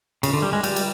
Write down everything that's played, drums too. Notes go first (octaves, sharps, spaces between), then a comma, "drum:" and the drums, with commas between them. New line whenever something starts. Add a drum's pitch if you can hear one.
C#3, drum: cymbal
D3
G3
G#3
G3, drum: cymbal
drum: cymbal